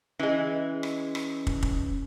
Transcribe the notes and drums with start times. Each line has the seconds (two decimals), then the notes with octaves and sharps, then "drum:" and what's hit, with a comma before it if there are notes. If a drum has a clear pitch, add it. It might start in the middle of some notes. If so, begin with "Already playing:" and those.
0.19 E3 G#3 C#4
0.83 drum: rim click
1.15 drum: rim click
1.47 drum: kick
1.63 drum: kick